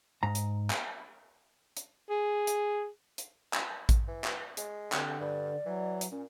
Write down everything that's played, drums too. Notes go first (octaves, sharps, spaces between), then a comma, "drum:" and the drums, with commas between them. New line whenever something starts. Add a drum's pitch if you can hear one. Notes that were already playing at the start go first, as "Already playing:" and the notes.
G#2 A#5
drum: hi-hat
drum: clap
drum: hi-hat
G#4
drum: hi-hat
drum: hi-hat
drum: clap
drum: kick A1, hi-hat
E3
drum: clap
G#3, drum: hi-hat
D3 C4 G4, drum: clap
G2 D5
E3 F#3
drum: hi-hat
A#2 C#4